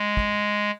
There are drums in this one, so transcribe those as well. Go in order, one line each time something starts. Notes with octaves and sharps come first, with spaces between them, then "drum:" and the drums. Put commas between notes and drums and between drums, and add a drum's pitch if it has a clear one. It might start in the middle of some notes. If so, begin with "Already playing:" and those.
Already playing: G#3
drum: kick